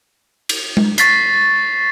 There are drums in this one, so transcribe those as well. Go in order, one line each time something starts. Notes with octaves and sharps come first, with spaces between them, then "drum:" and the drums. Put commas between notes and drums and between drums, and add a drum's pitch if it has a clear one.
drum: cymbal
drum: tom G#3
C#6 A6 B6 C7, drum: hi-hat